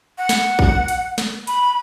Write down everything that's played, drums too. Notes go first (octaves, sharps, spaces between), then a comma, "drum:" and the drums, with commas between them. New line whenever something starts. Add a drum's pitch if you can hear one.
F#5
drum: snare
drum: kick
drum: hi-hat
drum: snare
B5, drum: hi-hat